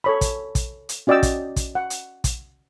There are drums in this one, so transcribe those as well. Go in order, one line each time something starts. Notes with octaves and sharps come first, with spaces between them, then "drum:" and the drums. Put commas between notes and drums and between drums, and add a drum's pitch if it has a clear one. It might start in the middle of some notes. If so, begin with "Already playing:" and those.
A4 C#5 B5
drum: kick, hi-hat
drum: kick, hi-hat
drum: hi-hat
C#4 F#4 D5 D#5 G5 E6
drum: kick, hi-hat
drum: kick, hi-hat
F#5
drum: hi-hat
drum: kick, hi-hat